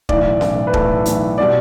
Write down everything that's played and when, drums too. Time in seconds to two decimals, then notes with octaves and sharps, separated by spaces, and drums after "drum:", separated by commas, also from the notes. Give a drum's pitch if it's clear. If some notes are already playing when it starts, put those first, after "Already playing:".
0.09 B1 A2 E3 D5, drum: kick
0.41 B1 A2 E3, drum: snare C#4
0.67 B4
0.74 B1 A2 E3 A4, drum: kick
1.06 B1 A2 E3, drum: hi-hat
1.38 B2 G3 D5